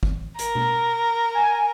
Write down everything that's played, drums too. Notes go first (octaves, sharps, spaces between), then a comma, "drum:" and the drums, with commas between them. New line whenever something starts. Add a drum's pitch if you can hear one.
drum: kick
A#4, drum: hi-hat
drum: tom B2
G#5